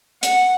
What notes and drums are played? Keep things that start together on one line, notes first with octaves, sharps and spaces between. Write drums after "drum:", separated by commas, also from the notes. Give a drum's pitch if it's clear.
F#5, drum: hi-hat